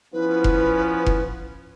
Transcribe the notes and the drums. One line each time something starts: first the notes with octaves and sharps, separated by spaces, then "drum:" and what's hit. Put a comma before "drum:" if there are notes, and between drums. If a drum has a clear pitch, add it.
F3 B3 C#4 E4 B4
drum: kick F1
drum: kick F1